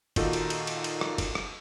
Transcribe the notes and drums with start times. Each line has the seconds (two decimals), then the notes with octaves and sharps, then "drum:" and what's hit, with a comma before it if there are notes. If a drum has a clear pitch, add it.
0.16 A#2 D#3 D#4 F4 F#4 A4, drum: kick, cymbal
0.33 drum: cymbal
0.50 drum: cymbal
0.67 drum: cymbal
0.84 drum: cymbal
1.01 drum: rim click
1.18 drum: kick, cymbal
1.35 drum: rim click